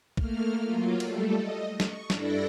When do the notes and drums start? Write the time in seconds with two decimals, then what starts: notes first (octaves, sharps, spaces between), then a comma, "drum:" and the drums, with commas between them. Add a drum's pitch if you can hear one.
0.17 A3 A#3 F6, drum: kick
0.63 F#3 A#3 F4
1.00 G3 A3 A4, drum: cymbal
1.33 D#5
1.80 C#6, drum: snare
2.10 G2 D4 E4 A4 D5 A#6, drum: snare